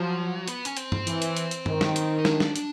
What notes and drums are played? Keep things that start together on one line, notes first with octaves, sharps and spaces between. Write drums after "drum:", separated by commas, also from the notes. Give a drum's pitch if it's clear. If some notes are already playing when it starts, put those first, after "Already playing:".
Already playing: F3 F#3
B3, drum: hi-hat
C#4, drum: hi-hat
C4, drum: hi-hat
drum: tom G2
E3, drum: hi-hat
drum: hi-hat
drum: hi-hat
drum: hi-hat
D#3, drum: tom G2
drum: snare
drum: hi-hat
D#4
D4, drum: snare
drum: snare
D4, drum: hi-hat